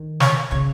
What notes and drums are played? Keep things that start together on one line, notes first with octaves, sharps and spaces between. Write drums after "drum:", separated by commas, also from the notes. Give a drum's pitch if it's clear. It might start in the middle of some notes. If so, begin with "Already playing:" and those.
Already playing: D#3
C#5, drum: snare
C#3 C#5